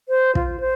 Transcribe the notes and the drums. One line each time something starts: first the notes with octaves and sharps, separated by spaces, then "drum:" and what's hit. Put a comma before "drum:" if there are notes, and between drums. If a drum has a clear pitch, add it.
C5
F4, drum: kick
C5